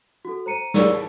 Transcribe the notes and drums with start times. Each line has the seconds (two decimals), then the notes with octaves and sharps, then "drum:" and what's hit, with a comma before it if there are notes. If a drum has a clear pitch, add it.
0.25 F#4 A4
0.46 C5 A#5 C#7 D#7
0.74 G#4 A#4 C#5 D5 C#6 E6, drum: snare
0.94 A5